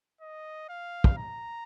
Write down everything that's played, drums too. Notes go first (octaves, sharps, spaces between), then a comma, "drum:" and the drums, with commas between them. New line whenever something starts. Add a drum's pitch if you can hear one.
D#5
F5
drum: kick
A#5